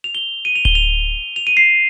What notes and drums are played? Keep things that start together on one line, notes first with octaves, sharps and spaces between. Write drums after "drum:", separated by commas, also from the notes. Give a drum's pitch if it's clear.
F7
G7
D#7
F7
G7, drum: kick D1
F7
F7
D#7
C7